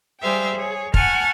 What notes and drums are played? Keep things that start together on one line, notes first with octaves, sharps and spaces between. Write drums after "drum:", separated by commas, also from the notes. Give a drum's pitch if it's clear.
G3 G#4 C5 E5 F5 G5
G#4 C#5
F#5 G#5 A5 C#6 F6, drum: kick